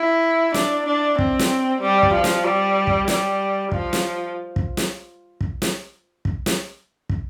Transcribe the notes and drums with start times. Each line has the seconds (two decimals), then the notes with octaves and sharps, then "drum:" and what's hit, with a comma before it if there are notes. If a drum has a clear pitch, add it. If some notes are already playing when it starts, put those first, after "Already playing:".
Already playing: E4
0.54 D4, drum: snare
0.86 D4
1.19 C4, drum: kick
1.39 drum: snare
1.81 G3
2.03 drum: kick
2.14 F3
2.24 drum: snare
2.44 G3
2.87 drum: kick
3.08 G3, drum: snare
3.72 F3, drum: kick
3.93 drum: snare
4.56 drum: kick
4.77 drum: snare
5.41 drum: kick
5.62 drum: snare
6.25 drum: kick
6.46 drum: snare
7.09 drum: kick